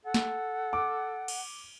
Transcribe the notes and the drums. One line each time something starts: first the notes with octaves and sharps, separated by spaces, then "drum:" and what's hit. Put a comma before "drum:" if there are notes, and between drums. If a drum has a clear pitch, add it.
A4 F#5
drum: snare
D6
drum: cymbal